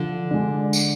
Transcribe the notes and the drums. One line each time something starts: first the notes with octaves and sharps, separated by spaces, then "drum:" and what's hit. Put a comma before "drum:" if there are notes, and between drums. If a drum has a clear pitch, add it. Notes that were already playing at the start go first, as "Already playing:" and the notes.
Already playing: D3 F3
G#3 D4
drum: tambourine